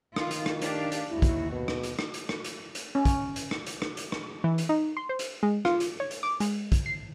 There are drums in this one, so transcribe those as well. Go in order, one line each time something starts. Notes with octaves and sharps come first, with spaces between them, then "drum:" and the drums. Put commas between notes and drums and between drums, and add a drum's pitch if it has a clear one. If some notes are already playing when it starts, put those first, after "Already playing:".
D#3 F4, drum: rim click
drum: hi-hat
drum: rim click
D4 G4 F5, drum: hi-hat
drum: hi-hat
D#2 E4 F#4
drum: kick, hi-hat
B2
drum: rim click
drum: hi-hat
drum: rim click
drum: hi-hat
drum: rim click
drum: hi-hat
drum: hi-hat
C#4
drum: kick, hi-hat
drum: hi-hat
drum: rim click
drum: hi-hat
drum: rim click
drum: hi-hat
drum: rim click
E3
drum: hi-hat
D#4
C6
C5
drum: hi-hat
G#3
F4, drum: rim click
drum: hi-hat
C#5
drum: hi-hat
D6
G#3, drum: hi-hat
drum: kick, hi-hat
C7